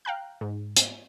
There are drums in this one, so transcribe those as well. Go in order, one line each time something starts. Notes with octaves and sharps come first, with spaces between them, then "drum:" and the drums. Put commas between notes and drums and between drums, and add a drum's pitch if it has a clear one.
F5 G5 A#5 F#6
G#2
drum: hi-hat